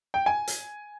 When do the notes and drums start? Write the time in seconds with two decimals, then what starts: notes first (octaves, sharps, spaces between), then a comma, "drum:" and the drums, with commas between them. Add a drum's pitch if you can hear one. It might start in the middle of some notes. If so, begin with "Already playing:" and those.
0.14 G5
0.26 G#5
0.47 drum: hi-hat